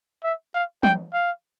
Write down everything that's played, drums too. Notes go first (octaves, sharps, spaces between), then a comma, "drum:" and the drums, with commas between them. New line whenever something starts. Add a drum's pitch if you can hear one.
E5
F5
G5, drum: tom
F5